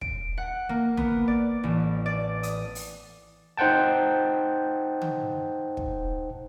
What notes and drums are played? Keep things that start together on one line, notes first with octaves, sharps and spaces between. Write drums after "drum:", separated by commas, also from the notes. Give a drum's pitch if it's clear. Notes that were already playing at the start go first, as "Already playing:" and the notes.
D7, drum: kick
F#5
A#3
B3, drum: tom
D5
A1
D5
D#6, drum: hi-hat
drum: open hi-hat
D#4 C5 F#5 G5 A5
drum: tom D3
drum: kick